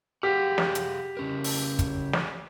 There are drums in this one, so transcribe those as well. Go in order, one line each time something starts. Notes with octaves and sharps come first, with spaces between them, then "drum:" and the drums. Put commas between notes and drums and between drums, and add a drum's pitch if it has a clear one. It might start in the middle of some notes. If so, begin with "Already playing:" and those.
G4 G#4 F5 F#5
drum: snare
drum: hi-hat
C#3 C#4 A#4
drum: open hi-hat
drum: kick, hi-hat
drum: snare